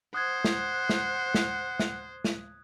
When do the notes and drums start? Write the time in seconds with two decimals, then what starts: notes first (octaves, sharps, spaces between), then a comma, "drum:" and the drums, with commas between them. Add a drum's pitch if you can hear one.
0.14 C5 F#5 D#6 F#6 G#6
0.44 drum: snare
0.89 drum: snare
1.34 drum: snare
1.79 drum: snare
2.24 drum: snare